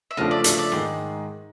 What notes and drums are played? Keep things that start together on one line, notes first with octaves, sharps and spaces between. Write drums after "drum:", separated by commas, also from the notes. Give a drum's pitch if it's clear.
E5
C#3 F3 A3 D4 D#5 F5
D5 E5
D5 E5, drum: hi-hat
D5 E5
G#2 D#3 G#3 C5 D5